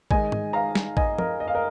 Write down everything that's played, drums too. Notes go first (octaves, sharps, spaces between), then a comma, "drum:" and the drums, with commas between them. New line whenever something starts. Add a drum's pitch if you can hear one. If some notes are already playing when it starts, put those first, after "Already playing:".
D#3 G#3 D#4 D#5 G#5, drum: kick
drum: tom G#2
F5 A#5
drum: snare
D#5 G#5, drum: kick
A#4 D#5, drum: tom F3
D#5
F5
A#4 D#5